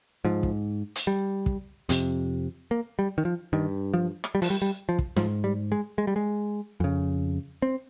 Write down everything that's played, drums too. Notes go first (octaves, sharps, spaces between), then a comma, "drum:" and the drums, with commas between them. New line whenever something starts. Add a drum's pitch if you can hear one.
G#2 F3
drum: kick
drum: hi-hat
G3
drum: kick
F2 C3, drum: hi-hat
A#3
G3
D#3
F3
G2 D#3
F3
drum: rim click
G3
F3, drum: open hi-hat
G3
G3
F3
drum: kick
G#2 F3, drum: snare
G3
G#3
G#3
G3
G#3
F2 C#3
C4